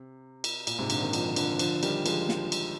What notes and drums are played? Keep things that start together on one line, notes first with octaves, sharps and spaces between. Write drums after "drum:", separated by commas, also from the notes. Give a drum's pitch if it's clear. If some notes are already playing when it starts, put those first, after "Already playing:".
Already playing: C3
drum: cymbal
A#2, drum: cymbal
G#2 C3
A#2 D3, drum: cymbal
C3 D#3
D3 F3, drum: cymbal
D3 F3, drum: cymbal
D3 F3, drum: cymbal
D#3 G3, drum: cymbal
F3 G#3, drum: cymbal
drum: snare
drum: cymbal